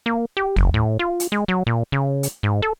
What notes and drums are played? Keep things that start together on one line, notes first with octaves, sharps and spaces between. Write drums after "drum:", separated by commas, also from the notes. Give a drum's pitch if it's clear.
A#3
G4
F#1, drum: tom D#2
A2
F4
drum: hi-hat
G#3
F#3
A#2
C#3
drum: hi-hat
G#2
A4